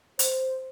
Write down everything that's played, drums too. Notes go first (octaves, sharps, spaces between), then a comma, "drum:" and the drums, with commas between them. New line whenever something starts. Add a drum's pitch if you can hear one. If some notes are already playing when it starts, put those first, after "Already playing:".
C5, drum: hi-hat